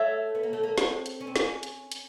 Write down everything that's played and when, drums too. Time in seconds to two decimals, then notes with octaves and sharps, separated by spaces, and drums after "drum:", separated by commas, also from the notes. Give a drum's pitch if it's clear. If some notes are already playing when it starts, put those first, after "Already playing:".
Already playing: A3 A4 C#5 E5
0.35 B3
0.43 A#3
0.53 A3
0.63 A#3
0.78 C4, drum: snare
1.06 drum: hi-hat
1.21 C#4
1.27 C4
1.36 C#4, drum: snare
1.63 drum: hi-hat
1.92 drum: hi-hat